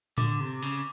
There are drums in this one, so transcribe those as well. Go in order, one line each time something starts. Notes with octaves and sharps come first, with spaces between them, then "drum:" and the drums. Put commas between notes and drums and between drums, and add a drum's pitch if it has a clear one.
D3 D6, drum: tom A2
C3
C#3